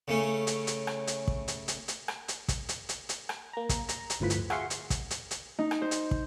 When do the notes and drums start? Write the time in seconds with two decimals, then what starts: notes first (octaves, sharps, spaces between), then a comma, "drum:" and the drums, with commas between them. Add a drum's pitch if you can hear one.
0.08 C#3 A3 C#4
0.47 drum: hi-hat
0.67 drum: hi-hat
0.87 drum: rim click
1.07 drum: hi-hat
1.27 drum: kick
1.48 drum: hi-hat
1.68 drum: hi-hat
1.88 drum: hi-hat
2.08 drum: rim click
2.28 drum: hi-hat
2.48 drum: kick, hi-hat
2.69 drum: hi-hat
2.89 drum: hi-hat
3.09 drum: hi-hat
3.29 drum: rim click
3.53 A#3 A#5
3.69 drum: kick, hi-hat
3.89 A#5, drum: hi-hat
4.10 drum: hi-hat
4.20 G1 D2 A2 F3 B4 B5
4.30 drum: hi-hat
4.50 F#4 G#4 E5 F5 C6 C#6, drum: rim click
4.70 drum: hi-hat
4.90 drum: kick, hi-hat
5.10 drum: hi-hat
5.31 drum: hi-hat
5.59 D#4
5.71 drum: rim click
5.82 C5
5.91 drum: hi-hat
6.11 drum: kick